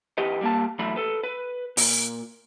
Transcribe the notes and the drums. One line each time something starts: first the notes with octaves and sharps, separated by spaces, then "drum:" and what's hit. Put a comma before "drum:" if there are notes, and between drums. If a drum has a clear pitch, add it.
E2 G4 B4 D#5
G3 A#3 A5
E2 E3 F#3 A3 B5
A4 B4
B4
A#2, drum: open hi-hat